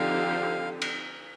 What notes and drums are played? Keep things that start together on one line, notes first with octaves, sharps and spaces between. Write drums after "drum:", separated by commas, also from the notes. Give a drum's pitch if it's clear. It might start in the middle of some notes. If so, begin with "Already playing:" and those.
Already playing: D3 F3 C4 D#4 G4 F5
drum: cymbal